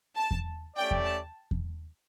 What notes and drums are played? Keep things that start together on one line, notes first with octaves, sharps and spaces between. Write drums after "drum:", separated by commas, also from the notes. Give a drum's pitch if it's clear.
A5
drum: kick E2
A3 C#4 G4 D5 G5
drum: kick E2
A5
drum: kick E2